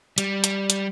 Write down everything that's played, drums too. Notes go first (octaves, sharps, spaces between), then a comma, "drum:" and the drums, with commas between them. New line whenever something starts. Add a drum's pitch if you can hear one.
G3, drum: hi-hat
drum: hi-hat
drum: hi-hat